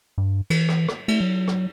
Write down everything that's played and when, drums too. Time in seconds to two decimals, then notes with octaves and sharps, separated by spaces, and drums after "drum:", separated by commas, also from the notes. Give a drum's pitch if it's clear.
0.18 G2
0.50 E3, drum: cymbal
0.69 drum: rim click
0.88 drum: rim click
1.08 A3, drum: cymbal
1.21 F#3
1.48 drum: rim click